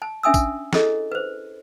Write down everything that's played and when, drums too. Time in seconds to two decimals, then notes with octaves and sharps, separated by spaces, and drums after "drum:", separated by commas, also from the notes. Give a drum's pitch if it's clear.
0.02 A5
0.23 C#4 D4 E5 G#5 D#6 E6
0.34 drum: kick A#1, tambourine
0.73 E4 G#4 A4 C#5 D#5, drum: snare
1.12 B4 C5